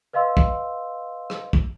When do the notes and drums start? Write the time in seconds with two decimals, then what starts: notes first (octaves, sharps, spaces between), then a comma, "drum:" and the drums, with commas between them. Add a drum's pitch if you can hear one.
0.13 B4 D#5 F5 C6 E6
0.37 drum: kick
1.30 drum: rim click
1.53 drum: kick